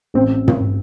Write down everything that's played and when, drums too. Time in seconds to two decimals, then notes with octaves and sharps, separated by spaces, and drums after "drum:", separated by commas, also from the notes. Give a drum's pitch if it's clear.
0.14 A1 C4
0.48 drum: tom